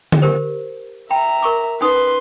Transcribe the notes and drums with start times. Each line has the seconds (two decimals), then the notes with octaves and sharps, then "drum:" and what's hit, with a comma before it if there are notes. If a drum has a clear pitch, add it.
0.12 drum: tom D3
0.22 G4 A#4 C5
1.11 E5 G5 A#5 B5
1.42 A#4 C#6 D6
1.81 C#4 D#4 B4 C6 D#6